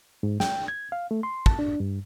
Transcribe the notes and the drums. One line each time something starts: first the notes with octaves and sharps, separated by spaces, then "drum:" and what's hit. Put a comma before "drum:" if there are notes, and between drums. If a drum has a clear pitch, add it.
G#2
G5, drum: snare
G#6
F5
A3
C6
A5, drum: kick
D4
G2